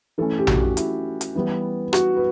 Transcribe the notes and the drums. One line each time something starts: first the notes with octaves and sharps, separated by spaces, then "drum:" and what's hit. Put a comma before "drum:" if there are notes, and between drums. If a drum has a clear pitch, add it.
E3 A3 C#4 A4
G4
F#4, drum: tom A#1
E4, drum: hi-hat
drum: hi-hat
E3 G3 B3
F#4, drum: rim click
B4